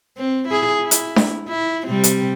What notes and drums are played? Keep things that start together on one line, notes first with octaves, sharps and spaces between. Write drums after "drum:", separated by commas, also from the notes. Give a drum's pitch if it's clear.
C4
E4 G#4
E4
drum: hi-hat
drum: snare D4
E4
C3 G3 C4
drum: hi-hat